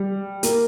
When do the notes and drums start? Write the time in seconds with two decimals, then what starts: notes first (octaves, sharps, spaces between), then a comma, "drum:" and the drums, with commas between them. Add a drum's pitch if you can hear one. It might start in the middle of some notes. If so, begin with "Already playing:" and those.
Already playing: G3
0.43 A#3, drum: hi-hat